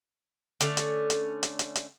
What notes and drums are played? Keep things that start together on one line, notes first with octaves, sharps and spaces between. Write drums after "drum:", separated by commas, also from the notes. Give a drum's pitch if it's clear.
D3 A3 C#4, drum: hi-hat
drum: hi-hat
drum: hi-hat
drum: hi-hat
drum: hi-hat
drum: hi-hat